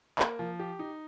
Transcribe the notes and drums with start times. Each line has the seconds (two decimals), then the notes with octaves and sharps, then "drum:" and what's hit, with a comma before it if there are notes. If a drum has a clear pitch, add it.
0.19 A#3, drum: clap
0.39 F3
0.60 G4
0.79 D#4